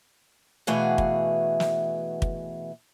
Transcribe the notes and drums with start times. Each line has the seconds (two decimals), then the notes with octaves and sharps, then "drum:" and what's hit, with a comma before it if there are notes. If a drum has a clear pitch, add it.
0.67 B2 E3 A3 F#4 G#4 F5
0.98 drum: kick
1.60 drum: snare
2.22 drum: kick